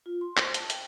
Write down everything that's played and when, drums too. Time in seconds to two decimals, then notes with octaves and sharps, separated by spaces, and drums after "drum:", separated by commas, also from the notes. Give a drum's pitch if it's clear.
0.06 F4
0.21 C6
0.37 C5, drum: clap
0.54 A5, drum: hi-hat
0.70 G5, drum: hi-hat